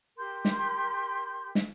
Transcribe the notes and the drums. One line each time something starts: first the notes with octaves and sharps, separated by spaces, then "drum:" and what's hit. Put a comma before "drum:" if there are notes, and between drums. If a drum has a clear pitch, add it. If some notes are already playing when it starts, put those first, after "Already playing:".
G4 A#4 C6 G6
drum: snare
drum: snare